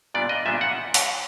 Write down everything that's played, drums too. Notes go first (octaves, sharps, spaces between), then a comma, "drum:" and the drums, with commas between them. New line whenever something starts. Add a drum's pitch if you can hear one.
A#2 G3 B3 D4 D5
D#5
A#2 G3 B3 D4 E5
F#5
drum: open hi-hat